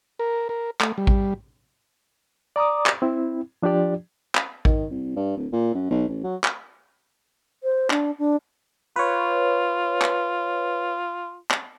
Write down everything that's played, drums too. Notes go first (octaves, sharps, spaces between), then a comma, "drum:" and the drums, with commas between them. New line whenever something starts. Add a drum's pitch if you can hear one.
A#4
A#4
A3, drum: clap
G3
drum: kick A1
D5 A#5 D6 D#6
drum: clap
C4 E4
F3 D4 F4 G4 D5
drum: clap
D#3, drum: kick A1
C2
G2
D1
A#2
F#2
B1
A1
F#3
drum: clap
C5
D4, drum: clap
D4
F4 B4 C#5
drum: clap
drum: clap